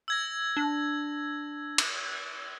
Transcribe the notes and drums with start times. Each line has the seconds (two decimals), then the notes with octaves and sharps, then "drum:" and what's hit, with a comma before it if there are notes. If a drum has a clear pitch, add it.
0.08 E6 G#6 A#6
0.57 D4
1.78 drum: cymbal